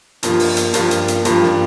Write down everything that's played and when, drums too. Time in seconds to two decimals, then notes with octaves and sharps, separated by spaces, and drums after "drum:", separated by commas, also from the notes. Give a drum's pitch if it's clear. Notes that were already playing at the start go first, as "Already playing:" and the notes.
0.23 G2 F3 A#3 F4, drum: hi-hat
0.39 drum: open hi-hat
0.57 drum: hi-hat
0.74 G2 F3 A#3 F4, drum: hi-hat
0.91 drum: hi-hat
1.08 drum: hi-hat
1.25 G2 F3 A#3 F4, drum: hi-hat
1.43 drum: snare